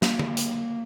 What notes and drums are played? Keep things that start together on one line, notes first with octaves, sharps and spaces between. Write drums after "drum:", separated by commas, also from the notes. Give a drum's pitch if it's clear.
A#3, drum: snare
drum: tom D3
drum: hi-hat